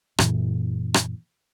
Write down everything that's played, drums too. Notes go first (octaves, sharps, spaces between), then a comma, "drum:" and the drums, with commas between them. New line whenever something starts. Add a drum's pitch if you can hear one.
F#2 A#2 E3, drum: rim click
drum: rim click